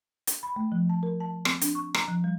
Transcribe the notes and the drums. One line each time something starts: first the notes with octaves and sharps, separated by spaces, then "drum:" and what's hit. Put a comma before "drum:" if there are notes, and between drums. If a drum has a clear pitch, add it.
drum: hi-hat
B5
A3
F3
A5
A#4
A5
C4, drum: rim click
D4, drum: hi-hat
C#6
A#5, drum: rim click
F3
G3